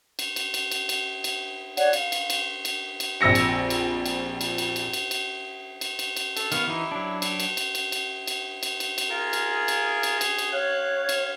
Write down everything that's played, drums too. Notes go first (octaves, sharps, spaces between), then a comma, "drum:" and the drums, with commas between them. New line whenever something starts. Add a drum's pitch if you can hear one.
drum: cymbal
drum: cymbal
drum: cymbal
drum: cymbal
drum: cymbal
drum: cymbal
C#5 D5 F#5, drum: cymbal
F5, drum: cymbal
drum: cymbal
drum: cymbal
drum: cymbal
drum: cymbal
A#1 F2 E6 A#6 C#7
drum: cymbal
drum: cymbal
drum: cymbal
drum: cymbal
drum: cymbal
drum: cymbal
drum: cymbal
drum: cymbal
drum: cymbal
drum: cymbal
drum: cymbal
A4, drum: cymbal
D#3 B3 F5, drum: cymbal
E3 D#4 E4
F#3 D4
drum: cymbal
drum: cymbal
drum: cymbal
drum: cymbal
drum: cymbal
drum: cymbal
drum: cymbal
drum: cymbal
drum: cymbal
F4 G#4 A#4
drum: cymbal
drum: cymbal
drum: cymbal
drum: cymbal
drum: cymbal
C#5 F5 F#6
drum: cymbal